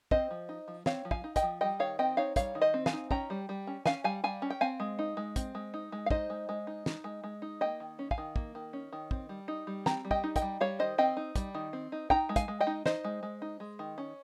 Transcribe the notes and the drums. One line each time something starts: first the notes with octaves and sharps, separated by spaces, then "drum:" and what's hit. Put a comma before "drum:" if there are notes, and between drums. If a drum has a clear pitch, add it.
C4 C5 D#5, drum: kick
F3
D#4
F3
C4 C#5 F5, drum: snare
F3
F5 G#5, drum: kick
D#4
D#5 G5, drum: kick, hi-hat
F3
G3 D#5 G5
D#3 C#5 F5
C4 D#5 G5
D#4 C#5 F5
G3 C#5 F5, drum: kick, hi-hat
D#3
C5 D#5
C4
F5 G#5, drum: snare
D#4
C#4 G5 A#5, drum: kick
G3
G3
C#4
C#4 F5 G#5, drum: snare
G3 F5 G#5
G3 F5 G#5
C#4
G5
C4 F5 G#5
G#3
D#4
G#3
C4, drum: kick, hi-hat
G#3
D#4
G#3
F5
D#4 C5 D#5, drum: kick
G#3
G#3
D#4
D#4, drum: snare
G#3
G#3
D#4
A#3 D#5 G5
D#3
C#4
F5 G#5, drum: kick
D#3
A#3, drum: kick
D#3
C#4
D#3
C4, drum: kick
G3
D#4
G3
C4 G5 A#5, drum: snare
G3
D#5 G5, drum: kick
D#4
D#5 G5, drum: kick, hi-hat
G3
G3 C#5 F5
D#3 C5 D#5
C4 D#5 G5
D#4
G3, drum: kick, hi-hat
D#3
C4
D#4
D#4 G5 A#5, drum: kick
G#3
F5 G#5, drum: kick, hi-hat
G#3
D#5 G5
D#4
D#4 C5 D#5, drum: snare
G#3
G#3
D#4
G#3
D#3
C#4